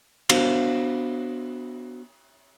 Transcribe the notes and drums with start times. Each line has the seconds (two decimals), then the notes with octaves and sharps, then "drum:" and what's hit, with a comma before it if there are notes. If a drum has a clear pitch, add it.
0.30 B3 D4 F#4 C5 F5, drum: cymbal